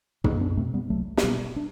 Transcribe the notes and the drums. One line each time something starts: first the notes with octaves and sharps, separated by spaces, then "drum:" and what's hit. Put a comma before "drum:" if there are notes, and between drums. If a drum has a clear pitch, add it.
C2, drum: tom
B3 D4
B2 A3 C4
G3 B3
C2 F#3 A3
C4, drum: snare
B2 G3 B3
D4